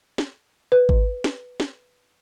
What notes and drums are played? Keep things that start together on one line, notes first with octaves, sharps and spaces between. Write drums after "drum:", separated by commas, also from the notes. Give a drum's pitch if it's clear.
drum: snare
B4
drum: kick G#1
drum: snare
drum: snare